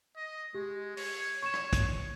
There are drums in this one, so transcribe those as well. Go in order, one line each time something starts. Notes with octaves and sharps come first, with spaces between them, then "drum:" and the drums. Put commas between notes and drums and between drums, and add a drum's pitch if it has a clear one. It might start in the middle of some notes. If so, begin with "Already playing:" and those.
D#5
G#3 G4
C#5, drum: open hi-hat
C#5 C#6 G#6 E7
drum: rim click
drum: kick, hi-hat